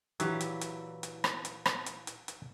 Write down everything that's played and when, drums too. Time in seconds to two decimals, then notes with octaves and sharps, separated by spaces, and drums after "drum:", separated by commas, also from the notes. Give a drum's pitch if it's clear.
0.20 A#2 E3 F#3 G4, drum: hi-hat
0.41 drum: hi-hat
0.61 drum: hi-hat
1.03 drum: hi-hat
1.24 drum: rim click
1.45 drum: hi-hat
1.66 drum: rim click
1.86 drum: hi-hat
2.07 drum: hi-hat
2.28 drum: hi-hat